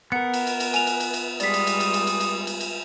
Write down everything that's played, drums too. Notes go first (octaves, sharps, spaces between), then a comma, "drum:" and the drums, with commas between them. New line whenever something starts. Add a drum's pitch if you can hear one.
B3 A#4 F#5 C#7
drum: cymbal
drum: cymbal
drum: cymbal
G#5 F7, drum: cymbal
drum: cymbal
drum: cymbal
drum: cymbal
G3 G#3 D5 D#6 B6, drum: cymbal
drum: cymbal
drum: cymbal
drum: cymbal
drum: cymbal
drum: cymbal
drum: cymbal
drum: cymbal
drum: cymbal